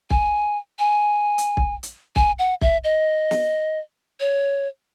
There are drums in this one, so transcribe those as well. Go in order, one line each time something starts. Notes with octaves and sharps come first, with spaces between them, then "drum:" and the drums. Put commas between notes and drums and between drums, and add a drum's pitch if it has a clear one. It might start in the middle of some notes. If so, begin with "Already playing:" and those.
G#5, drum: kick
G#5
drum: hi-hat
drum: kick
drum: hi-hat
G#5, drum: kick
F#5
E5, drum: kick
D#5
drum: snare
C#5